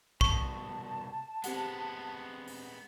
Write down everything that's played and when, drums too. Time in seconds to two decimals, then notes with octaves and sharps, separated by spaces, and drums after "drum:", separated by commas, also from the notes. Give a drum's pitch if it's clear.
0.21 C2 B2 A5 C#6, drum: kick
1.44 G#3 B3 C4 G4 F#5, drum: hi-hat
2.48 drum: open hi-hat